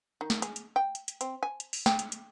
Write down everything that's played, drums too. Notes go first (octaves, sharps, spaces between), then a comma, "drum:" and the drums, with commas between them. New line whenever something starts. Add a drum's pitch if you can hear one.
D#3
drum: snare
G#4, drum: hi-hat
drum: hi-hat
G5
drum: hi-hat
drum: hi-hat
C4, drum: hi-hat
G#5
drum: hi-hat
drum: open hi-hat
G5, drum: snare
drum: hi-hat
drum: hi-hat